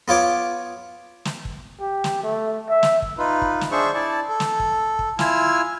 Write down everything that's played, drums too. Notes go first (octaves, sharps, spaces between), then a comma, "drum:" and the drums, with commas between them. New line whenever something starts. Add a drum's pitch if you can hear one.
B3 F4 C#5 D6
drum: snare
drum: kick
G4
drum: snare
A3
E5
drum: snare
drum: kick
D#4 F4 B4
drum: kick
drum: snare
D4 G#4 C5 E5 C#6
E4 D5 A5
A4
drum: snare
drum: kick
drum: kick
E4 F4 G#5 E6 F6, drum: snare